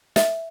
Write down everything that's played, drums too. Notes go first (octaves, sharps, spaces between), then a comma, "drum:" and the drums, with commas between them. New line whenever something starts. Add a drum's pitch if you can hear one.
E5, drum: snare